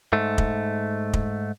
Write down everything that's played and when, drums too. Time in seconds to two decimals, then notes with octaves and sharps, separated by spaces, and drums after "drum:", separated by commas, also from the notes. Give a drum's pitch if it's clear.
0.13 G#2 A3
0.38 drum: kick
1.13 drum: kick